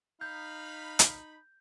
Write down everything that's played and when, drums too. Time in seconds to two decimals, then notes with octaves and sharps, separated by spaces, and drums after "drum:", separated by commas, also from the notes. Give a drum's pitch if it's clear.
0.21 D#4 F5 B5 G6
0.99 drum: hi-hat